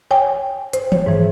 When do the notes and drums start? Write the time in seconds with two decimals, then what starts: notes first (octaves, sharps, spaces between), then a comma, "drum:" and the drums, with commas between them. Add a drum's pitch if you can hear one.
0.11 C#5 G5 G#5
0.73 C5, drum: hi-hat
0.92 C#5, drum: tom E3
1.06 G#2 E3